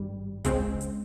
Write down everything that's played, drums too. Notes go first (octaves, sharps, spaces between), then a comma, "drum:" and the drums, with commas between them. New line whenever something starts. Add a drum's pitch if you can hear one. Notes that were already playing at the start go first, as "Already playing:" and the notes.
Already playing: G#1 G2 G3
C#2 C#3 G#3 C4, drum: kick, hi-hat
drum: hi-hat